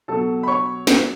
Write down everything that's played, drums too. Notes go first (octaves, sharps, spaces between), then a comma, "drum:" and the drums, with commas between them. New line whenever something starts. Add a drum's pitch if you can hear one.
B2 F#3 A4 A5
B5
C#5 C#6
drum: snare